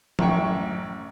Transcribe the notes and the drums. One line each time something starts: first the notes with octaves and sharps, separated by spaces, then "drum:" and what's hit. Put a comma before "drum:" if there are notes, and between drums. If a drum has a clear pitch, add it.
A1 F#2 G5 C#6, drum: tom F3